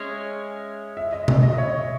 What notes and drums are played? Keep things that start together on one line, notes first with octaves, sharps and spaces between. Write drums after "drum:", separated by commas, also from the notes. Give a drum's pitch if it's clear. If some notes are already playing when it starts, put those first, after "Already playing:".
Already playing: G#3 C#4 G#4 E5
E5
D#5
D#5, drum: tom B2
D#5
C#5